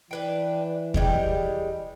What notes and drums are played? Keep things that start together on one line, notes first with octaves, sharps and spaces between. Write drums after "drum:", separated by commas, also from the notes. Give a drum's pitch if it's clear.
E3 D4 B4 G5
G3 G#3 G4, drum: kick D#2